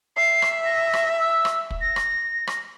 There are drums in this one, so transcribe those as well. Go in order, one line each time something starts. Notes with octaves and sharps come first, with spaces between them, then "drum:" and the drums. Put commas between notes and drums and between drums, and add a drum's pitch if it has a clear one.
E5 C7
drum: rim click
A#6
drum: rim click
E6
drum: rim click
drum: kick
A#6
drum: rim click
drum: rim click